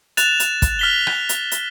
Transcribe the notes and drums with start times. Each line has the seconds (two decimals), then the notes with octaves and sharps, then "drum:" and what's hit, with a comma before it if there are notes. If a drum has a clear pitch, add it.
0.17 F#6 A6 E7 F7, drum: hi-hat
0.40 drum: hi-hat
0.62 drum: kick, hi-hat
0.79 F6 B6 G7
1.07 drum: rim click
1.29 drum: hi-hat
1.52 drum: hi-hat